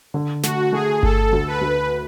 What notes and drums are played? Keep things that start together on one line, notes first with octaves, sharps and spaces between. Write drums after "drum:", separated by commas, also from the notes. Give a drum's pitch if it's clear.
D3
A3 F#4, drum: snare
A3 G#4
A3 A4, drum: kick G1
D2
B4
D2